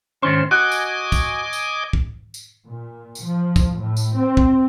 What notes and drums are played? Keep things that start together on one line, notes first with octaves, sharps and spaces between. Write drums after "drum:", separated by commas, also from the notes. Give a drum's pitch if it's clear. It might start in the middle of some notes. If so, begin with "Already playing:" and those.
G#2 D#3 C#4 C5 C6
F#4 D#5 G#5 D6
drum: tambourine
drum: kick, tambourine
drum: tambourine
drum: kick
drum: tambourine
A#2
drum: tambourine
F3
drum: kick, tambourine
A2
drum: tambourine
C4
drum: kick